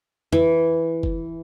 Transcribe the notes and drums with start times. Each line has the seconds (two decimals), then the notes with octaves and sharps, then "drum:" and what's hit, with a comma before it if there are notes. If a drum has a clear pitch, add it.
0.33 E3, drum: tom F2
1.03 drum: kick F#1